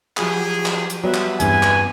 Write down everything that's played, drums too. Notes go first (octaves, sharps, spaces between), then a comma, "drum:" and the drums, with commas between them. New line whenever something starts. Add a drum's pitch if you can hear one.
F3 F#3 G4 G#4, drum: clap
drum: clap
drum: hi-hat
F#3 G3 B3 B4 E5
drum: clap
E2 G2 B3 C4 G#5, drum: hi-hat
drum: clap